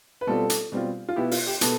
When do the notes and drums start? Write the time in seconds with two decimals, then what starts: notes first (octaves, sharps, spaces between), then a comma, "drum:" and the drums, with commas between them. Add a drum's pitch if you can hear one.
0.21 B4
0.27 B2 G3 C4 F4 A4
0.50 drum: hi-hat
0.72 B2 G3 C4 F4
1.09 F4
1.16 B2 B3 E4 G4
1.31 F4, drum: open hi-hat
1.47 G4
1.61 B2 B3 A4, drum: hi-hat